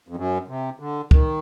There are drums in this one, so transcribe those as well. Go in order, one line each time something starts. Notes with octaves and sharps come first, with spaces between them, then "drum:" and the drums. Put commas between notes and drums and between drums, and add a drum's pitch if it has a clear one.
F2
F#2
C3
D3
D#3, drum: kick